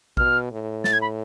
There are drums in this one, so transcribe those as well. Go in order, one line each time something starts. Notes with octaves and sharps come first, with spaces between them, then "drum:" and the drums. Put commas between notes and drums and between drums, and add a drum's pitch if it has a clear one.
B2 F6, drum: kick
A2
A6, drum: snare
G#6
B5